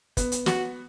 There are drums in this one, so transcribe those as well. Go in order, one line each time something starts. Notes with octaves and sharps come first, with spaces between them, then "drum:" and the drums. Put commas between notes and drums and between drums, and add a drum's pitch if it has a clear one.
B3, drum: kick, hi-hat
drum: hi-hat
F#4, drum: snare